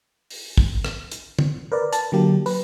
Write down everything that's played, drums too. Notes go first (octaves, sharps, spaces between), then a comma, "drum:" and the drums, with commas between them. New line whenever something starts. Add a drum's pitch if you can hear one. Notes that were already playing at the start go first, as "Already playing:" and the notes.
drum: open hi-hat
drum: kick
drum: rim click
drum: hi-hat
drum: tom
A#4 B4 D5
A5, drum: hi-hat
D3 F#3 A#3 G4
B4, drum: open hi-hat